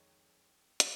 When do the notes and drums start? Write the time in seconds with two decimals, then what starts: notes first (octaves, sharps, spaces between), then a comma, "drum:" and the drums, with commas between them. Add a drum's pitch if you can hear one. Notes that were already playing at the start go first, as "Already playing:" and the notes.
Already playing: F2 D#3 G#3 D#4 C#5
0.80 D#3 G#3, drum: hi-hat